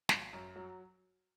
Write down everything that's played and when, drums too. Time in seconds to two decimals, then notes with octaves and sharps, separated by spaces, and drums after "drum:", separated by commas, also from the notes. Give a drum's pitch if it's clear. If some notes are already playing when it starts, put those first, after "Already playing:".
0.09 G#1, drum: snare
0.33 F#2
0.56 F#3